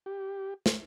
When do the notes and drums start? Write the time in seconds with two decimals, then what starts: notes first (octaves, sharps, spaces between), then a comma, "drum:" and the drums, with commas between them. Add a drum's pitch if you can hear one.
0.06 G4
0.66 drum: snare